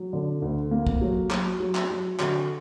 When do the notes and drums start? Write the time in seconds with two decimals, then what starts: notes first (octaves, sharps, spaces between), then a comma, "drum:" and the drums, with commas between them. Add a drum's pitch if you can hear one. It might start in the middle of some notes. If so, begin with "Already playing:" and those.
Already playing: F#3
0.13 D3
0.42 D2
0.71 A#3
0.87 drum: kick
1.01 F#3
1.31 F#3, drum: clap
1.60 F#3
1.75 drum: clap
1.90 F#3
2.20 D3 F#4, drum: clap